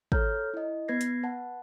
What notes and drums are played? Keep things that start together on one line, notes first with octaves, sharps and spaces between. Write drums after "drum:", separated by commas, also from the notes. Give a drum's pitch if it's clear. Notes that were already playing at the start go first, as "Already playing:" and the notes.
A4 C#5 A#5 F6 G6, drum: kick
E4 D#5
B3 B4 G#6 A#6 C7
drum: hi-hat
B4 F#5 A5